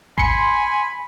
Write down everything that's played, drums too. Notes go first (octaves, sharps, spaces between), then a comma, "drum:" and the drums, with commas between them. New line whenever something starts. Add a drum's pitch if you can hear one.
G#5 B5 C6 C#7, drum: kick G#1